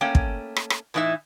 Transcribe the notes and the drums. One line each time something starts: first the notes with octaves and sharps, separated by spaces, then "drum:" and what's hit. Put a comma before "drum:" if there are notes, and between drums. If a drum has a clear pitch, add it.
A3 A#3 C#4 G5
drum: kick
drum: rim click
drum: rim click
A2 E3 D#4 E4 E5